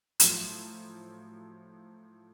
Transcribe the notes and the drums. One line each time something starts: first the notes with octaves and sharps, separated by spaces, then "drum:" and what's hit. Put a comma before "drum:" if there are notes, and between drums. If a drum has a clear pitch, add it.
A2 F3 F#3, drum: hi-hat